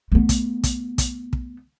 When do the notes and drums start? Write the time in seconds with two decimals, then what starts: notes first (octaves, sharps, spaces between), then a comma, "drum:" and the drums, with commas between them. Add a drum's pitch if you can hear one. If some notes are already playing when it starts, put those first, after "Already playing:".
0.12 A3 B3
0.29 drum: kick, hi-hat
0.64 drum: kick, hi-hat
0.98 drum: kick, hi-hat
1.33 drum: kick